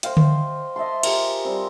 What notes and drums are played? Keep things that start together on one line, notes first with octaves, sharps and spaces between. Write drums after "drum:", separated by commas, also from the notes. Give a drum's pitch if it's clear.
C5 D#5 F5 G5, drum: hi-hat
drum: tom D3
D#5 E5 A5 C6
F4 G4 G#4 A#4, drum: cymbal
G3 C4